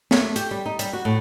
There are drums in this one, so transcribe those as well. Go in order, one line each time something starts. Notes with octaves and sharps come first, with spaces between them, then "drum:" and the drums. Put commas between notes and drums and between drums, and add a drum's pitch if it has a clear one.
A3, drum: snare
G4, drum: hi-hat
G3
D#4
G3, drum: hi-hat
F#4
A2